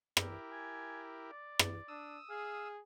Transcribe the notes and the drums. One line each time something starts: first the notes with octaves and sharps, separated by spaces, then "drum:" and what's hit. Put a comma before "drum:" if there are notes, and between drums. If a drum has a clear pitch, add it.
E4 G4 A#4, drum: rim click
G#5
D5
drum: rim click
D4 D#6 E6
G#4 F5